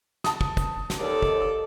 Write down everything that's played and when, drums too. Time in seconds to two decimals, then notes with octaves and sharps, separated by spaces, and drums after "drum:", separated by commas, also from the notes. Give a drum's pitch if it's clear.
0.24 A5 D#6, drum: snare
0.41 drum: kick
0.57 drum: kick, hi-hat
0.90 drum: snare
0.99 D#2 A4 D5
1.22 drum: kick